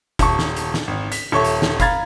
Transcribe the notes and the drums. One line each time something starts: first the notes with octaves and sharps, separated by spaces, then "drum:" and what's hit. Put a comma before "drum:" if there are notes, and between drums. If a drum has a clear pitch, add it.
D#1 A5 C#6, drum: kick F#1, hi-hat
drum: snare
drum: hi-hat
drum: snare
G#1
B6, drum: hi-hat
D#1 A4 C#5 E5 C#6
drum: hi-hat
drum: snare
F5 A#5 B5 G#6 A6, drum: kick F#1, hi-hat